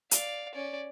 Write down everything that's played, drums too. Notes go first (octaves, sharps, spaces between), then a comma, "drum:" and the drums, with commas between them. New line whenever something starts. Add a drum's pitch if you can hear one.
D5 F5, drum: hi-hat
C#4 D5